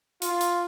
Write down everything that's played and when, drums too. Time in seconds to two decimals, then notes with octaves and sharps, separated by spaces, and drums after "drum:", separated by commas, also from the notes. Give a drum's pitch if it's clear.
0.22 F4, drum: hi-hat
0.41 drum: hi-hat